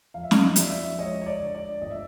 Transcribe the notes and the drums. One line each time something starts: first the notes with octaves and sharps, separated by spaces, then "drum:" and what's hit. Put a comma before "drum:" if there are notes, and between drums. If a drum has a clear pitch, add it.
F2 F5
E5
D#5 F5, drum: snare
F3 D5 E5, drum: hi-hat
G#3 C#5 D#5
C#5
D5
D3
D5
G1 D#5
E5